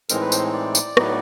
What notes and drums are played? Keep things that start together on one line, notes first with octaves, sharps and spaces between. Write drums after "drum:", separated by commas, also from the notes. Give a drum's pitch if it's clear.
A2 E3 G#3 C4 D#4 A#4, drum: tambourine
B4
C5, drum: tambourine
D5
drum: tambourine
A2 F#3 B3 D#4, drum: rim click